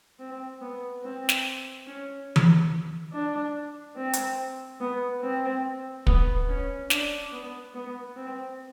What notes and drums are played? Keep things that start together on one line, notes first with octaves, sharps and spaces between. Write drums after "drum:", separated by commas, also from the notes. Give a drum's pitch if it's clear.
C4
B3
C4
drum: snare
C#4
drum: tom E3
D4
C4
drum: hi-hat
B3
C4
B3, drum: kick
C#4
D4, drum: snare
B3
B3
C4